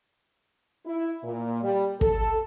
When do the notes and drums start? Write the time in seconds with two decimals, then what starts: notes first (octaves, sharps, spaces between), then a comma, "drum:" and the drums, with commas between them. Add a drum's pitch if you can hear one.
0.86 E4
1.24 A#2
1.63 G3
2.01 A4, drum: kick